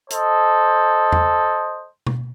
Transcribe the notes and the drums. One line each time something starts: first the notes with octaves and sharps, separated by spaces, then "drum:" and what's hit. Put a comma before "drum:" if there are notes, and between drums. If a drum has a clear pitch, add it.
A4 C5 D#5, drum: hi-hat
drum: tom E2
drum: tom